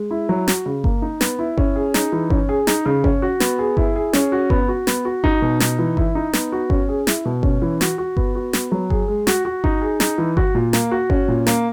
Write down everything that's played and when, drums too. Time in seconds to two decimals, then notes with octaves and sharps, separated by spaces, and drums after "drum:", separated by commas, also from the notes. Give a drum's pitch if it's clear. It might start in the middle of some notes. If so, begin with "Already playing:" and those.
Already playing: G#3
0.11 E4
0.29 F#3
0.48 F#4, drum: snare
0.66 C#3
0.84 A#3, drum: kick G1
1.02 D#4
1.21 B3, drum: snare
1.39 E4
1.58 C#4, drum: kick G1
1.76 G#4
1.94 D#4, drum: snare
2.12 E3
2.30 C#4, drum: kick G1
2.49 G#4
2.67 D#4, drum: snare
2.86 C#3
3.04 C#4, drum: kick G1
3.22 F#4
3.40 B3, drum: snare
3.59 G#4
3.77 E4, drum: kick G1
3.96 G#4
4.13 C#4, drum: snare
4.32 F#4
4.50 B3, drum: kick G1
4.68 F#4
4.87 B3, drum: snare
5.05 F#4
5.24 D#4, drum: kick G1
5.42 B2
5.60 D#4, drum: snare
5.79 E3
5.97 E4, drum: kick G1
6.15 D#4
6.33 B3, drum: snare
6.52 F#4
6.70 C#4, drum: kick G1
6.89 G#4
7.07 E4, drum: snare
7.25 B2
7.43 C#4, drum: kick G1
7.62 E3
7.81 F#4, drum: snare
7.98 F#4
8.17 B3, drum: kick G1
8.35 F#4
8.53 B3, drum: snare
8.72 F#3
8.90 G#4, drum: kick G1
9.08 G#3
9.27 F#4, drum: snare
9.45 F#4
9.64 D#4, drum: kick G1
9.82 G#4
10.00 D#4, drum: snare
10.18 E3
10.37 F#4, drum: kick G1
10.55 A#2
10.73 A#3, drum: snare
10.91 F#4
11.10 C#4, drum: kick G1
11.28 A#2
11.47 A#3, drum: snare